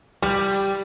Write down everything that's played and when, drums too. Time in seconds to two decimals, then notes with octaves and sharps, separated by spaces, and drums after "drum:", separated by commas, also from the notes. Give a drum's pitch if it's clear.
0.22 G3, drum: kick, hi-hat
0.50 drum: open hi-hat